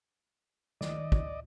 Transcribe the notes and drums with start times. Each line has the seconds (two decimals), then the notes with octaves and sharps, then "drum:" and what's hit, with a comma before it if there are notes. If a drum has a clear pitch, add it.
0.81 D#3 D5 D#5, drum: snare
1.12 drum: kick